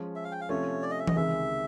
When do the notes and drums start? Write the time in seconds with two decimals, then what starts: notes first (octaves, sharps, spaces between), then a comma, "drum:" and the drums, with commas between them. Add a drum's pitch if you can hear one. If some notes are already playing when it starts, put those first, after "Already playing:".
Already playing: F3 G#3 C#4
0.16 E5
0.25 F5
0.32 G5
0.41 F5
0.49 C3 F3 A3 C#4 F4 C#5
0.82 D5
0.91 D#5
0.99 E5
1.07 D#5, drum: tom E3
1.16 C#2 C3 D#3 G#3 E5